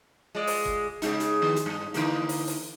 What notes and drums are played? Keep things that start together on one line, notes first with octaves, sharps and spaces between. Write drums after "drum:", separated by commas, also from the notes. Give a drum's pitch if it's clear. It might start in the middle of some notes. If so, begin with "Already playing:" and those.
G#3 F4 D5
drum: open hi-hat
drum: kick
C#3 G#3 D#4, drum: hi-hat
drum: hi-hat
D#3 B3
drum: hi-hat
G2
D3 E3 A#3, drum: hi-hat
drum: open hi-hat
drum: open hi-hat